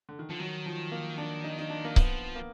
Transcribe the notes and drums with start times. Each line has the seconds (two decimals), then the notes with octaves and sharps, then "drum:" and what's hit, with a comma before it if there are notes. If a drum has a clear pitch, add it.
0.09 D3
0.19 D#3
0.29 D3 F3
0.40 D#3 F#3
0.66 F3
0.92 A#3
1.18 D4
1.44 D#4
1.59 D#4
1.70 D4
1.85 A#3
1.96 F3 B3, drum: kick C#1
2.36 A#3